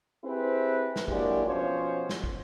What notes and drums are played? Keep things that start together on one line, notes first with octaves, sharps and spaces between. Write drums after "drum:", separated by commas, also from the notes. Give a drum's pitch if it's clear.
C4 E4 G4 G#4 B4 C5
drum: snare
F#3 G#3 A#3 D4 E4 G4, drum: kick
B2 F3 C#4 F4 C5 C#5
drum: snare
drum: kick